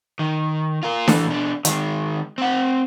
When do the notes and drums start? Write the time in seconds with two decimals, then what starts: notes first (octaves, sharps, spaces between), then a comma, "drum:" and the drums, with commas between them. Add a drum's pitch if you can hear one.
0.19 D#3
0.83 F4 A#4
1.08 E3 A3, drum: snare D4
1.28 B2 D4
1.65 D#3 G#3, drum: hi-hat
2.38 C4 F#5